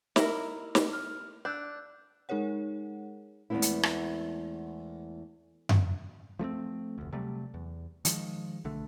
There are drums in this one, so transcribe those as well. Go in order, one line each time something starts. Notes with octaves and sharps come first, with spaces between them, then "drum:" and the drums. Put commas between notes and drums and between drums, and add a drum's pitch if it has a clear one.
E4 A#4 D#5, drum: snare
drum: snare
F6
D4 E6 F#6 G6
G#3 D#4 G#4 A#4 C#5 F#5
E2 G#3 A3 B3 C4 E4
drum: hi-hat
drum: rim click
drum: tom F#2
F3 A3 A#3 C4
F1 D2
C3 F#3 G3 A3
E2
D#3 F3 G#3, drum: hi-hat
B1 D3 A3